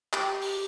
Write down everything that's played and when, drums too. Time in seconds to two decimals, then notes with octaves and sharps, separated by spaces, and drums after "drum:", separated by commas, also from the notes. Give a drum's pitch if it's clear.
0.13 G4, drum: clap
0.42 drum: open hi-hat